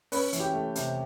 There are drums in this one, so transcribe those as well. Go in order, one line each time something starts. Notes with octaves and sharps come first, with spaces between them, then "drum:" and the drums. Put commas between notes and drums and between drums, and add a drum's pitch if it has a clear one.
C#4 B4, drum: open hi-hat
E3, drum: hi-hat
G4
A3
C3, drum: hi-hat